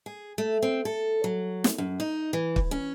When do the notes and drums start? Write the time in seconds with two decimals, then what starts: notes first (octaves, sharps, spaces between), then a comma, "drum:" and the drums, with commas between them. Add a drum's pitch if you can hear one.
0.06 G#4
0.38 A3
0.63 C4
0.85 A4
1.24 F#3
1.64 drum: snare
1.78 F#2
2.00 D#4
2.33 E3
2.56 drum: kick
2.71 C#4